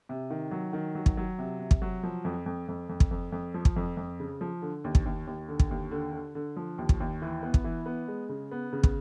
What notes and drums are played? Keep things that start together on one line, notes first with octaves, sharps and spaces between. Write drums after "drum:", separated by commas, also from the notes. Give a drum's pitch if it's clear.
C3
D#3
F#3
D#3
F#3
drum: kick
F#3
C3
C3
drum: kick
F#3
F3
F2
F2
F2
F2
drum: kick
F2
F2
F3
drum: kick
F2
F2
C#3
F3
D3
D#2
drum: kick
D#2
D#2
D3
drum: kick
D#2
D3
D3
D3
F3
D#2
drum: kick
D#2
E3
B3
drum: kick
E3
B3
G#3
C#3
B3
C#3
drum: kick